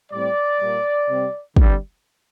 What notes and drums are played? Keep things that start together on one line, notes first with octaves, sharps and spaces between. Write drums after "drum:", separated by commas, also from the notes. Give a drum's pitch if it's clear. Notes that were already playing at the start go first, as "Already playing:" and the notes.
A2 G3 C4 D5
A#2 G3 A#3
C3 G3 C4
D3 G3 C4, drum: kick